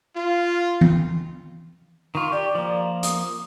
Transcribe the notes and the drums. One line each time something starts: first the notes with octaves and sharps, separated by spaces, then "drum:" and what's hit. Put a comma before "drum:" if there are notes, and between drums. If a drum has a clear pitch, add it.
F4
drum: tom E3
D#3 F4 C#6
G4 D5
F3 A#3
D#6, drum: hi-hat